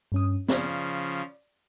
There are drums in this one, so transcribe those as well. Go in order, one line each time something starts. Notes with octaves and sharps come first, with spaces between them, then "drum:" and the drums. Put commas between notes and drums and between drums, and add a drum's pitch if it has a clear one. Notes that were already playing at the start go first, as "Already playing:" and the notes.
G2 C#4 D#6
C#3 F3 D5, drum: snare